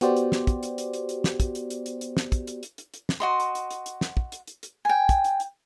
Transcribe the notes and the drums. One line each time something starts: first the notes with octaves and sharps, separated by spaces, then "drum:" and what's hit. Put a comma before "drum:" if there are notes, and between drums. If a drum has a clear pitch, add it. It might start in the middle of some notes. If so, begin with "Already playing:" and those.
B3 F#4 G4 C5 D5, drum: hi-hat
drum: hi-hat
drum: snare
drum: kick, hi-hat
drum: hi-hat
drum: hi-hat
drum: hi-hat
drum: hi-hat
drum: snare
drum: kick, hi-hat
drum: hi-hat
drum: hi-hat
drum: hi-hat
drum: hi-hat
drum: snare
drum: kick, hi-hat
drum: hi-hat
drum: hi-hat
drum: hi-hat
drum: hi-hat
drum: snare
F#4 D#5 C6
drum: hi-hat
drum: hi-hat
drum: hi-hat
drum: hi-hat
drum: snare
drum: kick
drum: hi-hat
drum: hi-hat
drum: hi-hat
G5 G#5
drum: kick, hi-hat
drum: hi-hat
drum: hi-hat